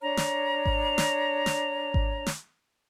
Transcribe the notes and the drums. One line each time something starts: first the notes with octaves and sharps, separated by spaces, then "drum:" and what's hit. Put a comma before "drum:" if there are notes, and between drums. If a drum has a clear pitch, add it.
D4 C#5 A#5
drum: snare
drum: kick G#1
drum: snare
drum: snare
drum: kick G#1
drum: snare